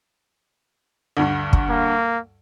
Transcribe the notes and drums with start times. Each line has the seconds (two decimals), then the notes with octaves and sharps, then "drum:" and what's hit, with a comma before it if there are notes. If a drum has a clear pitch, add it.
1.17 D2 G2
1.53 drum: kick
1.70 A#3